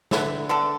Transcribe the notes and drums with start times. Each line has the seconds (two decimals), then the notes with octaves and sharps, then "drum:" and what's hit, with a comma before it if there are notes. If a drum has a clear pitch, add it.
0.11 D3 A3 E4 B4, drum: snare
0.49 D3 B3 D4 A4